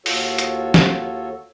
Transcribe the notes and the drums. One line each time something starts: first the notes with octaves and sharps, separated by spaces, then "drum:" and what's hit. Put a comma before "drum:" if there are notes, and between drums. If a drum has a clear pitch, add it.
D#2 F4 F#4 A4 C#5, drum: open hi-hat
drum: hi-hat
drum: snare